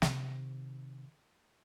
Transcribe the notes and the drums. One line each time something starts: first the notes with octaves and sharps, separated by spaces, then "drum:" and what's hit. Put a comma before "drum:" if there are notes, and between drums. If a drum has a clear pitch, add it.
C3 D#3, drum: snare